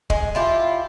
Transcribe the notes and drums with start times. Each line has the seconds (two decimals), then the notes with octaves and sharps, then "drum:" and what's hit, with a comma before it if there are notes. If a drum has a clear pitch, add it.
0.10 G#3, drum: kick
0.35 E4 F4 G4